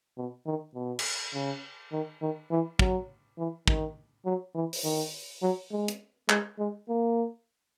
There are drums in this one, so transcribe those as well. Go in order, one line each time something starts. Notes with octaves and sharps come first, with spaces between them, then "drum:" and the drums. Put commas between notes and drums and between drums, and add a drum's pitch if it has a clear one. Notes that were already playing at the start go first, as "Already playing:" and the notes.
B2
D#3
B2
drum: cymbal
C#3
D#3
D#3
E3
F#3, drum: kick
E3
D#3, drum: kick
F#3
E3
drum: open hi-hat
D#3
F#3
G#3
drum: hi-hat
G#3, drum: clap
G#3
A#3